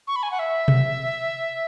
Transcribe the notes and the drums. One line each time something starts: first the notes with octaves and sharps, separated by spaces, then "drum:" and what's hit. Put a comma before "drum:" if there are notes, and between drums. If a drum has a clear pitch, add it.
C#6
B5
G#5
F#5
E5
drum: tom B2